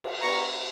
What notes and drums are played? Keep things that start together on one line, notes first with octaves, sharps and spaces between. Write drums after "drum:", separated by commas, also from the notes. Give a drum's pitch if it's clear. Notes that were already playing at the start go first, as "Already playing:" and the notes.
drum: cymbal
B3 D4 G4 A#5 C#6